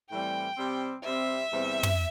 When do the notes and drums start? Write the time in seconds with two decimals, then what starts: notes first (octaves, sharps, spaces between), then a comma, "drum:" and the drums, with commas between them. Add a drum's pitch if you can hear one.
0.10 A2 E3 G3 C4 G5
0.57 C3 G3 C4
1.04 C3 G3 C4 E5
1.52 E2 C3 E3 G3 C4
1.83 drum: tom